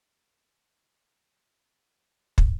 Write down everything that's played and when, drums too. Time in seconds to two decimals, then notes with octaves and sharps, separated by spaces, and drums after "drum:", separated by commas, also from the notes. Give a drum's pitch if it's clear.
0.13 C#4 D#4
2.38 drum: kick